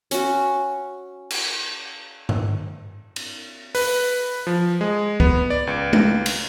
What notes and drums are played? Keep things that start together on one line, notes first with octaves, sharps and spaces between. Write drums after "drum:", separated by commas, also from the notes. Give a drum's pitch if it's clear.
C#4 F#4, drum: hi-hat
drum: cymbal
drum: tom G2
drum: cymbal
B4, drum: open hi-hat
F3
G#3
B3, drum: kick
D5
C#2
drum: tom G#3
drum: cymbal